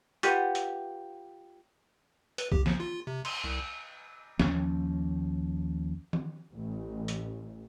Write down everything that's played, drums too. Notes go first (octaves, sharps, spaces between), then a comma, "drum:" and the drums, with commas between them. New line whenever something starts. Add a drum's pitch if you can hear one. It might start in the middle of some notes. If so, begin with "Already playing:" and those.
F4 G4 B4 F#5, drum: hi-hat
drum: hi-hat
B4, drum: hi-hat
G4, drum: kick B1
F3, drum: snare
F4
C3
C6, drum: cymbal
C2
D#2 F3 C#4, drum: snare
drum: tom D#3
A1
drum: hi-hat